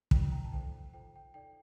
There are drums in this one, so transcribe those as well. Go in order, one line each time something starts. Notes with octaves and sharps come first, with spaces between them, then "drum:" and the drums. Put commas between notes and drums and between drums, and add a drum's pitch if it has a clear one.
F4 A#4 D5 G5, drum: kick
G5 A#5
A5
D#4 A4 C5 G5
F4 A4 C5 G5
G5
D#4 A4 D5 G5